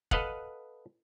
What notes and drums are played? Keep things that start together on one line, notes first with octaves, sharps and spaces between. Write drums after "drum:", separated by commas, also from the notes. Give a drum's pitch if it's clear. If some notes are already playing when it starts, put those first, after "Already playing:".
A4 B4 D#5 F5 F#5, drum: kick